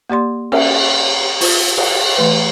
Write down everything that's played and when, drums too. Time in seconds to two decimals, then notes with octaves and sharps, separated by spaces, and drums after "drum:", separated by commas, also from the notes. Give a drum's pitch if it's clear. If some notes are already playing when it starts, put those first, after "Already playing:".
0.10 A#3 G4 D5 C6
0.52 C#4 A#4 D5 E5, drum: cymbal
1.41 F4 C5, drum: open hi-hat
1.78 drum: cymbal
2.17 E3 A3 B4